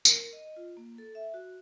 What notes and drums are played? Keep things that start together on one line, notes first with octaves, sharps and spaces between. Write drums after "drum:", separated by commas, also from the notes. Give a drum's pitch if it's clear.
A#4, drum: tambourine
D#5
F4
A#3
A4
E5
F#4